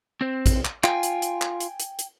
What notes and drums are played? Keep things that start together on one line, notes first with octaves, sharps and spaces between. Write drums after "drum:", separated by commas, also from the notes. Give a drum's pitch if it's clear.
C4 C5
drum: kick A1, hi-hat
drum: clap
F4 G5 G#5, drum: clap
drum: hi-hat
drum: hi-hat
drum: clap
drum: hi-hat
drum: hi-hat
drum: hi-hat